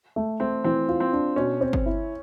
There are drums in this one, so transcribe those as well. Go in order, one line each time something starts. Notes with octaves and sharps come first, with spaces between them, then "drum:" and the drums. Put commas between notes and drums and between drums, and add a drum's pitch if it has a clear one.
A3
A3 C4
E3 C4
F4
C4
D4
B2 C#4
C4
drum: kick G1
E4